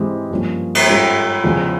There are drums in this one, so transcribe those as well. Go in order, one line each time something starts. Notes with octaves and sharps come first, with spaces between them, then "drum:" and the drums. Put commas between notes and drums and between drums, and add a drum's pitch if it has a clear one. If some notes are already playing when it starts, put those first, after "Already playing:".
Already playing: G#2 E3 G#3 C4 G4
G2 F3 A#3 C#4
drum: cymbal
G#2 G3 C#4 F4
E2 C#3 F3 G#3